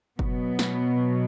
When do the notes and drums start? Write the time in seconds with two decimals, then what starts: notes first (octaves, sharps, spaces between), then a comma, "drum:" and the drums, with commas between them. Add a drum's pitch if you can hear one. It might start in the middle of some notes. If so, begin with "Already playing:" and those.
0.19 B2 F#3 B3, drum: kick F#1
0.59 drum: snare